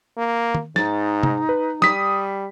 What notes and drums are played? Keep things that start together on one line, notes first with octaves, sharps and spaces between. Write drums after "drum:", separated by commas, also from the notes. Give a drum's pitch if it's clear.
A#3
drum: tom
G#2 D#4 A6, drum: snare
drum: tom
B4
G3 D#6 B6, drum: snare